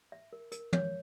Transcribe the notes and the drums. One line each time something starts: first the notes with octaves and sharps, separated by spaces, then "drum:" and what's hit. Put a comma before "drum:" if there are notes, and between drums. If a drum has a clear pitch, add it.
E5
A#4
A#4, drum: hi-hat
C#5, drum: tom